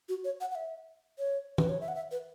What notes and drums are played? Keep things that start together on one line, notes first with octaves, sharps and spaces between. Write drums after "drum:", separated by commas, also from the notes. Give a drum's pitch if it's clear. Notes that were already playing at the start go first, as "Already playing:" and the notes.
F#4
C#5
F#5
F#5
E5
C#5
B4, drum: tom
C#5
E5
F#5
E5
B4